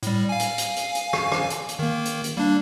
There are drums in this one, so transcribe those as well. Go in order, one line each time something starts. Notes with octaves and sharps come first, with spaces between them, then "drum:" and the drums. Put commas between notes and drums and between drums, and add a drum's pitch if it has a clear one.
A2 G3, drum: hi-hat
F5 G#5
drum: hi-hat
drum: hi-hat
drum: hi-hat
drum: hi-hat
drum: rim click
drum: rim click
drum: hi-hat
drum: hi-hat
D#3 A#3
drum: hi-hat
drum: hi-hat
G3 A#3 D4